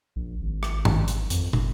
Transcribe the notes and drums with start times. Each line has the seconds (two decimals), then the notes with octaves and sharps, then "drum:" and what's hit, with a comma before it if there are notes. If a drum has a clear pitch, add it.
0.16 A#1
0.41 G#1
0.63 drum: rim click
0.85 drum: tom G2
1.08 drum: hi-hat
1.30 F2, drum: hi-hat
1.53 G1, drum: tom